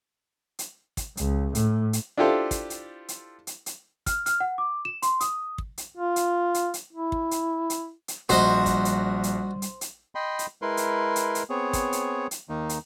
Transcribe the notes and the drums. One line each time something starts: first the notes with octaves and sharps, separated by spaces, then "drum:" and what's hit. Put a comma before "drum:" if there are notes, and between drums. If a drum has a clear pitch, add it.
drum: hi-hat
drum: kick, hi-hat
C#2, drum: hi-hat
A2, drum: hi-hat
drum: hi-hat
D4 E4 F4 G4 A4 C5
drum: kick, hi-hat
drum: hi-hat
drum: hi-hat
drum: hi-hat
drum: hi-hat
F6, drum: kick, hi-hat
F6, drum: hi-hat
F#5
D6
E7
C6, drum: hi-hat
D#6, drum: hi-hat
drum: kick
drum: hi-hat
F4
drum: hi-hat
drum: hi-hat
drum: hi-hat
E4
drum: kick
drum: hi-hat
drum: hi-hat
drum: hi-hat
A#1 G3 F#4 C5 D#5, drum: hi-hat
drum: kick, hi-hat
drum: hi-hat
drum: hi-hat
drum: hi-hat
drum: hi-hat
D#5 G5 B5 C6
drum: hi-hat
G#3 E4 A#4 B4 C6
drum: hi-hat
drum: hi-hat
drum: hi-hat
B3 C4 G#4 C#5
drum: kick, hi-hat
drum: hi-hat
drum: hi-hat
D#2 D#3 A#3 D#4
drum: hi-hat